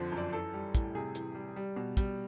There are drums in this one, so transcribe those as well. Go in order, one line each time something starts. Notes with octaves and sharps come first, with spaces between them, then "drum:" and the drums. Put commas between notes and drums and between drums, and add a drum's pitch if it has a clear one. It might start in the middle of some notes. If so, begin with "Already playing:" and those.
Already playing: F2 D3 F3 C5
F#2
D5
E3 A4
G3
A2, drum: kick, hi-hat
C3 G#4
E3, drum: hi-hat
G3
G3
B2
G3, drum: kick, hi-hat